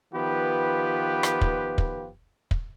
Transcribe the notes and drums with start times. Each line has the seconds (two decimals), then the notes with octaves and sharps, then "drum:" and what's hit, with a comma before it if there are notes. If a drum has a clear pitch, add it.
0.14 D#3 F3 B3 F4 G4 B4
1.23 drum: rim click
1.41 drum: kick
1.78 drum: kick
2.51 drum: kick